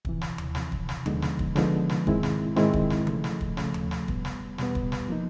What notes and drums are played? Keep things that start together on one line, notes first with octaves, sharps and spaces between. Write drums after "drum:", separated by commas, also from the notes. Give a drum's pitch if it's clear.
F2 C3 E3, drum: kick
drum: snare
drum: tom D#2
F2 C3 E3, drum: snare
drum: kick
drum: snare
D3 F3 G#3 B3 D#4, drum: tom D#2
drum: snare
drum: kick
D3 F3 G#3 B3 D#4, drum: snare
drum: snare
G#2 D#3 G#3 C4 E4, drum: kick
drum: snare
G#2 D#3 G#3 C4 E4, drum: snare
drum: kick
drum: snare
C#3 F3 A3, drum: tom D#3
drum: snare
drum: kick
C#3 F3 A3, drum: snare
drum: tom D#2
drum: snare
E2 B2 G3 B3, drum: kick
drum: snare
E2 B2 G3 B3, drum: snare
drum: kick
drum: snare
F3 A#3 D#4